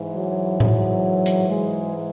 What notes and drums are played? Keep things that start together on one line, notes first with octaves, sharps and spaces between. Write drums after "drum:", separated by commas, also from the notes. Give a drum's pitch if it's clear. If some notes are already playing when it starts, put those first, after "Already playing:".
Already playing: G#2 E3
F#3
F#3, drum: tom A2
drum: hi-hat
G#3